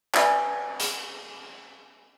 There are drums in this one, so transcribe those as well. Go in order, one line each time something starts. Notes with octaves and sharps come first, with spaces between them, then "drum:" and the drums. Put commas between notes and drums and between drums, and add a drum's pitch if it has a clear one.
B4 D5 E5 G#5 B5, drum: clap
drum: hi-hat